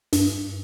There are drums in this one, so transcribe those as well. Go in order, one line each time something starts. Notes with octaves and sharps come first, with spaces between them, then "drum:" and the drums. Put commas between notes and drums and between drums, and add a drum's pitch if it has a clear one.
G2, drum: open hi-hat